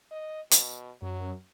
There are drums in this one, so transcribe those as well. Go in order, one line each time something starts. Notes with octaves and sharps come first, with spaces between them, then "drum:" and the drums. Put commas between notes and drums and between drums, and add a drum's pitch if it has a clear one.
D#5
B2, drum: hi-hat
F#2 F#3